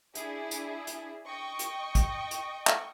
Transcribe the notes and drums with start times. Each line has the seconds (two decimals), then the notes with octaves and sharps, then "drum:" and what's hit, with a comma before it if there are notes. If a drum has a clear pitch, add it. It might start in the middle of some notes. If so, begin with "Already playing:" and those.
0.15 D4 E4 G#4, drum: hi-hat
0.51 drum: hi-hat
0.87 drum: hi-hat
1.27 D#5 G5 C#6
1.59 drum: hi-hat
1.95 drum: kick, hi-hat
2.31 drum: hi-hat
2.67 drum: clap